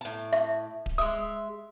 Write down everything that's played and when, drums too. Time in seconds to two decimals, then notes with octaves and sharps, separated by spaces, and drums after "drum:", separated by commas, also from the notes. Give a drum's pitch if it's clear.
0.01 A2 A5
0.33 E5, drum: rim click
0.86 drum: kick D1
0.98 G#3 E5 D#6